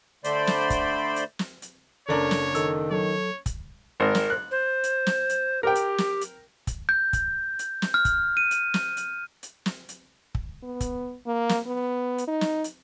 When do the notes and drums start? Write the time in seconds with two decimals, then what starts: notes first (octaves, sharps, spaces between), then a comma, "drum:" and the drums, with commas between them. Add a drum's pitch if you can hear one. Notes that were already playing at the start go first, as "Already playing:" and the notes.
0.24 D3 A3 C5 D5 B5 C6, drum: hi-hat
0.47 drum: snare
0.70 drum: kick, hi-hat
1.16 drum: hi-hat
1.39 drum: snare
1.62 drum: hi-hat
2.09 F#1 D4 A4 A#4 C#5
2.31 drum: snare
2.55 D#3 A4 E6, drum: hi-hat
2.91 F#3 A4 C#5
3.46 drum: kick, hi-hat
4.00 G#1 A#4
4.15 drum: snare
4.30 F#6
4.51 C5
4.84 drum: hi-hat
5.07 drum: snare
5.29 drum: hi-hat
5.63 G4 A#4 G5
5.75 drum: hi-hat
5.98 drum: snare
6.21 drum: hi-hat
6.67 drum: kick, hi-hat
6.89 G6
7.13 drum: kick, hi-hat
7.59 drum: hi-hat
7.82 drum: snare
7.94 F6
8.05 drum: kick, hi-hat
8.37 D#7
8.51 drum: hi-hat
8.74 drum: snare
8.97 drum: hi-hat
9.43 drum: hi-hat
9.66 drum: snare
9.89 drum: hi-hat
10.35 drum: kick
10.63 B3
10.81 drum: kick, hi-hat
11.26 A#3
11.49 drum: snare
11.66 B3
12.18 drum: hi-hat
12.27 D#4
12.41 drum: snare
12.64 drum: hi-hat